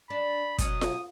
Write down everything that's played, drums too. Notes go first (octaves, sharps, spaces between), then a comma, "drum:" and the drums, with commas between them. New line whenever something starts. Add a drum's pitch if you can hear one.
D4 B5
B2 F#3 C#4 D#6, drum: kick, hi-hat
drum: snare F4